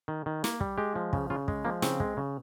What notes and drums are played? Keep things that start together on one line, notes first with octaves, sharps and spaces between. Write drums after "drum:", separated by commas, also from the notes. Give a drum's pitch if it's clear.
D#3
D#3
A#3, drum: snare
G3, drum: kick
G#3 G4
F3
C#3, drum: kick
C#3 F4
G#3, drum: kick
F3 A#3
C#3 C4, drum: snare
G#3, drum: kick
C#3